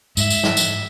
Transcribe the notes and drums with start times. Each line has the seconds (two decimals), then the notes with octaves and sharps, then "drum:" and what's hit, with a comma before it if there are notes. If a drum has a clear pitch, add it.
0.17 G#2 E5, drum: tambourine
0.30 drum: tambourine
0.44 drum: snare
0.57 drum: tambourine